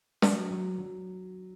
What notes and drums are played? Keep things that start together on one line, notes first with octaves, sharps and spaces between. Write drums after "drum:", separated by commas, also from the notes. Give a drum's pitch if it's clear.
F#3, drum: snare
F#3
F#3